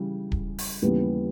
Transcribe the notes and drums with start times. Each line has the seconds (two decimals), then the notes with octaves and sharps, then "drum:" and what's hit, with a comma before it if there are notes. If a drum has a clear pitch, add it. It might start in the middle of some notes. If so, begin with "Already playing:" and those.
Already playing: C#3 E3 G3
0.32 drum: kick D1
0.58 drum: open hi-hat
0.82 D#2 C#3 E3 G3 B3